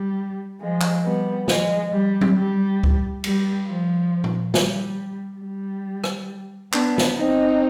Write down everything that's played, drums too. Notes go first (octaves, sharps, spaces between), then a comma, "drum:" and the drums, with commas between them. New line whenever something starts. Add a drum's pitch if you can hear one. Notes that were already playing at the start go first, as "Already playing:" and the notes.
Already playing: G3
F3 G#3
drum: clap
G3 B3
F3 G#3, drum: snare
G3
drum: tom F#3
G3
drum: kick C#2
G3, drum: cymbal
F3
drum: tom A#2
G3, drum: snare
G3
drum: rim click
B3 D4, drum: clap
drum: snare
C4 D#4